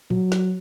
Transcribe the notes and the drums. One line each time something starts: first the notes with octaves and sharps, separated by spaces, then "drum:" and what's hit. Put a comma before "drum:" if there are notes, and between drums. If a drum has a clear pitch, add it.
F#3, drum: tom A2
drum: snare